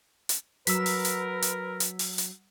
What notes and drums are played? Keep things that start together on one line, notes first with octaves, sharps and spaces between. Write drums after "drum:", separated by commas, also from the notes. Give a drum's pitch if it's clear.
drum: hi-hat
F#3 A#4 B4 E6 B6, drum: hi-hat
drum: open hi-hat
drum: hi-hat
drum: hi-hat
drum: hi-hat
drum: open hi-hat
drum: hi-hat